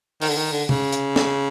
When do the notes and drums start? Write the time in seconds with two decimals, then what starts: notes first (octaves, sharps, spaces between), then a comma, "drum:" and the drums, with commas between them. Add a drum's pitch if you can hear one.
0.22 D#3, drum: open hi-hat
0.29 D3
0.37 D#3
0.53 D3
0.69 C#3, drum: tom C3
0.92 drum: hi-hat
1.16 drum: snare